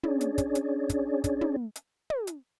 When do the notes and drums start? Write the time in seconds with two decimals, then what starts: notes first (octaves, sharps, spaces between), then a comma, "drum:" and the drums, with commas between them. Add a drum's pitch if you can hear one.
0.03 C#4 D4 G#4 C#5 D5, drum: tom
0.21 drum: hi-hat
0.38 drum: kick, hi-hat
0.55 drum: hi-hat
0.89 drum: kick, hi-hat
1.24 drum: kick, hi-hat
1.41 drum: tom
1.76 drum: hi-hat
2.10 drum: tom
2.27 drum: hi-hat